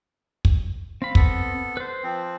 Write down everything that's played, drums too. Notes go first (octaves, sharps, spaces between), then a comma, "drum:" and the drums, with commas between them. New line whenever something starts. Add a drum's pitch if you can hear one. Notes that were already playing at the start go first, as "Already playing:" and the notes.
drum: kick
C4 F5 B5
B3 A4, drum: kick
B4 C5
F3 C4